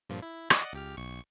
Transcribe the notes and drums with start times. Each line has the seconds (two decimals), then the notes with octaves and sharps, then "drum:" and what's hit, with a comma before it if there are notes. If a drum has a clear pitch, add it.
0.10 G2 A#2 F3
0.22 E4
0.50 D5 D#5 F#5, drum: rim click
0.73 C#2 G4 F6
0.97 B1 C#6